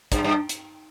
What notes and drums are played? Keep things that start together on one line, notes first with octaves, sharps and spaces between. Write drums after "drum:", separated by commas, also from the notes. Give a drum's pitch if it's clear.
G2, drum: kick, hi-hat
G2
drum: hi-hat